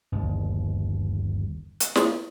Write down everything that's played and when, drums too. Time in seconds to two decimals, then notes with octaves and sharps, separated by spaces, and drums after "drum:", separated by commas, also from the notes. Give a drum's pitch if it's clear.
0.12 G1 D#2
1.80 drum: hi-hat
1.95 drum: snare